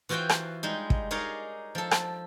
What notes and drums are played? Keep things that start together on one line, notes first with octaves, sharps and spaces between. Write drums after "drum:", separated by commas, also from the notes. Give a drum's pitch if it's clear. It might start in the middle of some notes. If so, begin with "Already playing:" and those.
E3 F4 F#4 C5 F#5 G5
drum: rim click
G3 G#3 D#4
drum: kick
D#4 G#4 A#4 C#5 D5 F5
F3 A4
drum: rim click